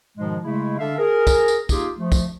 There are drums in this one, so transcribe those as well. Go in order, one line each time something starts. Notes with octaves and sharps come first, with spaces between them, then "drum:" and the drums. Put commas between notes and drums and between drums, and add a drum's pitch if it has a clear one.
G#2 B2 D#3 F3 G#3
C#3 G#3 A3 E4
D3 D4 A4 E5 F5
G#4 A#4
drum: kick B1, tambourine
drum: tambourine
A#3 D#4 F4 G4 G#4, drum: kick B1, tambourine
F3 A3
drum: kick B1, tambourine